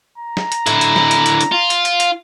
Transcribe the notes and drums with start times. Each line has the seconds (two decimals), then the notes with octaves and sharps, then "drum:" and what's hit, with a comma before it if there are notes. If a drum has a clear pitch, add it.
0.18 A#5
0.37 drum: snare
0.52 drum: hi-hat
0.66 D3 E4, drum: hi-hat
0.81 drum: hi-hat
0.96 drum: snare
1.11 drum: hi-hat
1.26 drum: hi-hat
1.41 drum: hi-hat
1.52 F4
1.70 drum: hi-hat
1.85 drum: hi-hat
2.00 drum: hi-hat